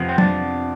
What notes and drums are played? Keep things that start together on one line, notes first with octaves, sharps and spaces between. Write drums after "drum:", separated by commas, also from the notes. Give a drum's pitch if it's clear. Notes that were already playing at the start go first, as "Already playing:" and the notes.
Already playing: F2 C3 F3 B3
C4
D4, drum: tom F#3